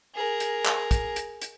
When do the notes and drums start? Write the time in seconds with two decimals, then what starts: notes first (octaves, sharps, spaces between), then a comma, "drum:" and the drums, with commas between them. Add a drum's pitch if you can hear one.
0.15 G#4 A#4
0.40 drum: hi-hat
0.66 drum: clap
0.91 drum: kick, hi-hat
1.16 drum: hi-hat
1.42 drum: hi-hat